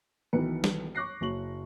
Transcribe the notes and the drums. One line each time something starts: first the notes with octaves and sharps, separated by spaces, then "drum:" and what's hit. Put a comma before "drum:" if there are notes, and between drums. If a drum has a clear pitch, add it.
B1 B2 D#3 E3 B4 C#7
drum: snare
C#6 D6 F#6 A#6 C7
F#1 F#3 C#6 F#7